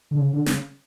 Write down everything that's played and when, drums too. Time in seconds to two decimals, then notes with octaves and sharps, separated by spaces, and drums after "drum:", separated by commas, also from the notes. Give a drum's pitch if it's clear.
0.11 D3
0.18 C#3
0.33 D3
0.46 C#3, drum: snare